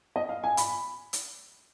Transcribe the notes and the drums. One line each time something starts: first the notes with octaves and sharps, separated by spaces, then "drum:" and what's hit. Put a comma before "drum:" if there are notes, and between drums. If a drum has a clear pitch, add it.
D#5
F5
G#5
B5, drum: hi-hat
drum: hi-hat